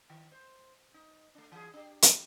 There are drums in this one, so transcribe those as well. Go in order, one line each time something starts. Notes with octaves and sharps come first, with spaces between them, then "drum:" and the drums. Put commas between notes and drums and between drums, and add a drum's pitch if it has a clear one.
D#3
C5
D#4
A3 D4
E3 G#4
D4 G4
drum: hi-hat